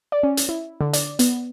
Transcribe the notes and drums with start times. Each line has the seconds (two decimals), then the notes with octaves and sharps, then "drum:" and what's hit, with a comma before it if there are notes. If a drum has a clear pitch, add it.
0.12 D5
0.23 C#4
0.37 drum: hi-hat
0.49 E4
0.81 D3
0.93 D5, drum: hi-hat
1.19 B3, drum: hi-hat